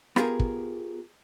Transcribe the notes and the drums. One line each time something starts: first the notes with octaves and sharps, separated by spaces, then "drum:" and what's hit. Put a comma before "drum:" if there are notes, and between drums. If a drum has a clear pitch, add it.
B3 F4 G4 G#4 A#4, drum: rim click
drum: kick